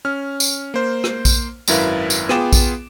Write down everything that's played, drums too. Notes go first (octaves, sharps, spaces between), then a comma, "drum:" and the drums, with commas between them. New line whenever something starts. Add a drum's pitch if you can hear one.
C#4 F6
drum: tambourine
A#3 C5
drum: rim click
drum: kick A#1, tambourine
G#1 F#2 E4 A#4 B4 F5, drum: tambourine
drum: tambourine
B3 F4 G#4 G5 D6 E7, drum: rim click
drum: kick A#1, tambourine